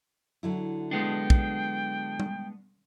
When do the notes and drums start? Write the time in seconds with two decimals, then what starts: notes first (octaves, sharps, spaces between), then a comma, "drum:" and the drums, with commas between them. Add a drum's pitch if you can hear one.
0.43 D3 F#3 E4
0.91 G#3 B3 D4 G5
1.30 drum: kick
2.20 drum: tom G3